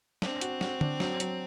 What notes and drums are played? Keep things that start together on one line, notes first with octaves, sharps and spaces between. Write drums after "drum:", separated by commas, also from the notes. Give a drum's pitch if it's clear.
C4 D4, drum: snare
F#4, drum: hi-hat
F#4, drum: snare
D4, drum: tom D3
F#3, drum: snare
F#3, drum: hi-hat